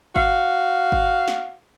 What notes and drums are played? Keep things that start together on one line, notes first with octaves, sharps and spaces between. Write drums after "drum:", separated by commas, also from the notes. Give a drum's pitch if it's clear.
F#4 F5, drum: kick G1
drum: kick G1
drum: snare